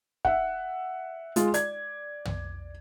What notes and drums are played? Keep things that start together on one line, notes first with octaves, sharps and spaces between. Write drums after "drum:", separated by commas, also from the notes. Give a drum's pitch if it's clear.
E5 F#5, drum: kick
G#3 F4, drum: hi-hat
D5 G#6, drum: hi-hat
drum: tom